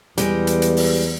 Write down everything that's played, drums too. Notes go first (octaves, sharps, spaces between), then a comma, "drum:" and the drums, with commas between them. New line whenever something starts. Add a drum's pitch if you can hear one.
E2 G3 G#3, drum: hi-hat
drum: hi-hat
drum: hi-hat
drum: open hi-hat